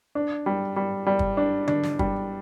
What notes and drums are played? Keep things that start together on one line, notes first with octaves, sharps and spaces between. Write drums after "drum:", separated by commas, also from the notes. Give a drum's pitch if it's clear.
D4
G3
G3
G3
drum: kick
D4
D4, drum: tom D3
drum: snare
G3, drum: kick